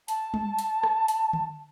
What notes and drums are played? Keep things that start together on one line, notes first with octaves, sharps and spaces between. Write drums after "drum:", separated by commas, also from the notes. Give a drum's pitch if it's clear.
A5, drum: hi-hat
drum: tom G3
drum: hi-hat
drum: rim click
drum: hi-hat
drum: tom D3